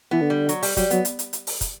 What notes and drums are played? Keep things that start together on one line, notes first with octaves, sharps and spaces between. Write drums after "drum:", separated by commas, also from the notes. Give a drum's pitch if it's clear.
E3 B3
D3
G3
F#3, drum: hi-hat
G3, drum: open hi-hat
F#3 G3, drum: kick, hi-hat
F#3 B3, drum: hi-hat
drum: hi-hat
drum: hi-hat
drum: hi-hat
drum: open hi-hat
drum: kick, hi-hat